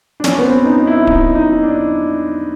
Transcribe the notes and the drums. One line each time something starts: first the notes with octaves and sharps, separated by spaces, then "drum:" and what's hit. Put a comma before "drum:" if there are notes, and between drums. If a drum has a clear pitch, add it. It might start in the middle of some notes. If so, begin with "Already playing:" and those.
D4
C#4, drum: snare
B3
C4
D#4
E4
D#4, drum: kick D1
D#4
D4